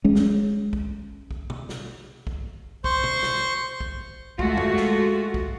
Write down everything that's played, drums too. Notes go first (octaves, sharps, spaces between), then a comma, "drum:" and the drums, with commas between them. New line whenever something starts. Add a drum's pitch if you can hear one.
G#3 C#4
drum: snare
drum: kick
drum: kick
drum: tom
drum: snare
drum: kick
C5 C6 C#6, drum: kick
drum: tom
drum: snare
drum: kick
G#3 A3 F4 F#4, drum: kick
drum: tom E2
drum: snare
drum: kick